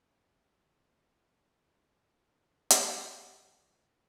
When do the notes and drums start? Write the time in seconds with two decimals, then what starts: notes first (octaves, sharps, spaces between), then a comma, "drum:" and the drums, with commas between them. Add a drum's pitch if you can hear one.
0.20 B3
0.30 A#3
0.40 B3
1.15 A#3
2.10 A#3
2.70 drum: hi-hat